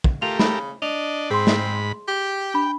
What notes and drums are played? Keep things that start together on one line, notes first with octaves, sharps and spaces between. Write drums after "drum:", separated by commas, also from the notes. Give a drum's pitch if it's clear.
drum: kick
A3 F4 G4 A#4 F7
C#3 B5, drum: snare
D4 D#5 F7
G#2 C4 G#4 B5 C6
drum: snare
G4 G5
D4 B5